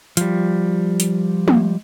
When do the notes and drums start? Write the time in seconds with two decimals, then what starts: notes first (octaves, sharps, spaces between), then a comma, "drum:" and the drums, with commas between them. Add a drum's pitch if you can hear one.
0.17 F3 G3, drum: hi-hat
1.00 drum: hi-hat
1.48 drum: tom